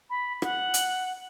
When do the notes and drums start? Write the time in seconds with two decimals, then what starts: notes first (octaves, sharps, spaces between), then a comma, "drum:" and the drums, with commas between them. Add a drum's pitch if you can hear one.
0.09 B5
0.42 F#5, drum: rim click
0.74 drum: hi-hat